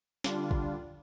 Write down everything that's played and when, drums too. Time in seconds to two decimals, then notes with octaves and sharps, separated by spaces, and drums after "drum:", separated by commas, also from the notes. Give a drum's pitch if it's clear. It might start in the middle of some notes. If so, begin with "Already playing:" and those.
0.24 D3 G3 D4 F4, drum: snare
0.51 drum: kick